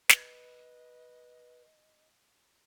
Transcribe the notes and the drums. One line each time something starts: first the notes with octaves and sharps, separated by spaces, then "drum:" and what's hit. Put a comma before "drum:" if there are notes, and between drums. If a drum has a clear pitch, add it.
B4 D#5, drum: snare